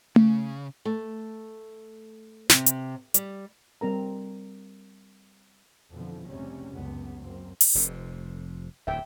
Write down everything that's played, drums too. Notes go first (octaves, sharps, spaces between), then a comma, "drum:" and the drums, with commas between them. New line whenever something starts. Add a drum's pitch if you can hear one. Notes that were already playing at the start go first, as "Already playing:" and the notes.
C#3, drum: tom A3
A3
C3, drum: snare
drum: hi-hat
G3, drum: hi-hat
G3 C4 A#4 A#5
F2 B2 D3 E3 F3
F1 C#2 C3 G3 C#4
C#2 F#2 B3
F#2 A#3 C4
drum: open hi-hat
F1 F2 C3
D1 E2 E5 G5